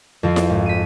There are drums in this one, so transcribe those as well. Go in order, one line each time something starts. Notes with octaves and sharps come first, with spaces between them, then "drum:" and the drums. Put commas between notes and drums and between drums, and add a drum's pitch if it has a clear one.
F2 F3 C4 F4
drum: snare E4
G#1
B6 D#7